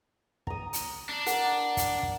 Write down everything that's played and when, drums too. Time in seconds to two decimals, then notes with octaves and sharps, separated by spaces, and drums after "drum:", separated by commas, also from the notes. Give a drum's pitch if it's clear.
0.47 A#5 D#6, drum: kick
0.73 drum: hi-hat
1.09 D4
1.26 A#4 F#5, drum: hi-hat
1.77 drum: kick, hi-hat
2.03 drum: kick